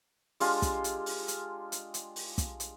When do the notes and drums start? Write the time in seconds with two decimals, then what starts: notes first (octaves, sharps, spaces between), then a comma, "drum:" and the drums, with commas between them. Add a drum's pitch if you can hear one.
0.40 G#3 D4 F4 G4, drum: open hi-hat
0.62 drum: kick, hi-hat
0.84 drum: hi-hat
1.06 drum: open hi-hat
1.28 drum: hi-hat
1.72 drum: hi-hat
1.94 drum: hi-hat
2.16 drum: open hi-hat
2.38 drum: kick, hi-hat
2.60 drum: hi-hat